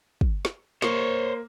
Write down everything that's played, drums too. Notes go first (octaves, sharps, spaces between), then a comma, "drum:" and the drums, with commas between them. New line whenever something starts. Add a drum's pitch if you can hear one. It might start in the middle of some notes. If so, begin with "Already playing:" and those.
drum: kick
drum: snare
A#3 C5 C#5, drum: snare